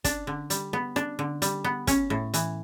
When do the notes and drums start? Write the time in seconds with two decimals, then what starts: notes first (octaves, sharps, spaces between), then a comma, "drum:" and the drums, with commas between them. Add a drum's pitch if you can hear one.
0.04 D4, drum: kick, hi-hat
0.27 D3
0.50 G3, drum: hi-hat
0.73 B3
0.96 D4, drum: rim click
1.19 D3
1.42 G3, drum: hi-hat
1.64 B3
1.87 C#4, drum: kick, hi-hat
2.10 A2
2.34 E3, drum: hi-hat